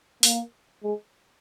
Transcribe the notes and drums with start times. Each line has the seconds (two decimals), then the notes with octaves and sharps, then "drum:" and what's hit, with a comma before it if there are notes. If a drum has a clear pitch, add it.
0.23 A#3, drum: open hi-hat
0.84 G#3